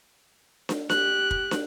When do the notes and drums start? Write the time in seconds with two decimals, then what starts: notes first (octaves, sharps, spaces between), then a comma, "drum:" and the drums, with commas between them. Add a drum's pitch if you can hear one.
0.69 drum: snare
0.89 G4 F#6, drum: snare
1.31 drum: kick
1.51 drum: snare